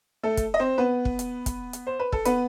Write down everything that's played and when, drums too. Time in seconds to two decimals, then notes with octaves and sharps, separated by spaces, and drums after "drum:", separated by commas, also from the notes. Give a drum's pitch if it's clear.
0.23 A3 A4
0.37 drum: kick, hi-hat
0.54 D#5
0.59 C4 C5
0.78 B3 B4
1.05 drum: kick
1.19 drum: hi-hat
1.46 drum: kick, hi-hat
1.73 drum: hi-hat
1.87 C5
1.99 B4
2.12 A4, drum: kick
2.25 B3 B4, drum: hi-hat